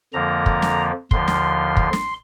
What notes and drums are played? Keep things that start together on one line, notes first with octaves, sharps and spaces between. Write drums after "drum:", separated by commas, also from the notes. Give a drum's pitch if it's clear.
F2 D3 F3 A#3 A#5
drum: kick
drum: snare
D#2 D3 F3 C6, drum: kick
drum: snare
drum: kick
drum: snare